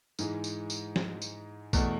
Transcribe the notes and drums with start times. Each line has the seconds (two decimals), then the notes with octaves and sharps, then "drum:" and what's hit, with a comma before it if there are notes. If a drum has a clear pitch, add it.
0.19 G#2 E3 G#3, drum: tambourine
0.44 drum: tambourine
0.70 drum: tambourine
0.96 drum: snare
1.22 drum: tambourine
1.73 E2 B2 A3, drum: kick, tambourine